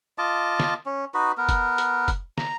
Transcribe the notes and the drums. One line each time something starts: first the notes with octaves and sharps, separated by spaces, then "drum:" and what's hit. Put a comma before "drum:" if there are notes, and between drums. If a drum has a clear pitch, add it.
F4 D#5 A5 D6
drum: snare
C#4
D#4 F#4 B4
B3 A#4
drum: kick, hi-hat
drum: hi-hat
drum: kick, hi-hat
A#5, drum: snare